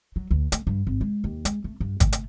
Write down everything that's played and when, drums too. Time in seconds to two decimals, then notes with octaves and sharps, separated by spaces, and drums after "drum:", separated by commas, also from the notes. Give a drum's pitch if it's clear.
0.16 F#3
0.31 D2
0.52 A3, drum: hi-hat
0.67 G2
0.87 G#1
1.01 G#3
1.24 D#2
1.45 G#3, drum: hi-hat
1.64 A3
1.80 G2
2.00 A3, drum: kick, hi-hat
2.13 drum: hi-hat